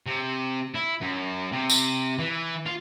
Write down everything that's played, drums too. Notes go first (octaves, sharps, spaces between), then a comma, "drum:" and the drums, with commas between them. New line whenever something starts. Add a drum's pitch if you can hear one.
C3
E4
F#2
C3
drum: tambourine
E3
F4